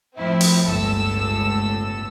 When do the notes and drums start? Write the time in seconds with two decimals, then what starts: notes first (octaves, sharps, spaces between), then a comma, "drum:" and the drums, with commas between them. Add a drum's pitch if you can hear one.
0.15 A2 F3 C4 E4
0.41 drum: open hi-hat
0.66 G1 C#2 A2 A4 E6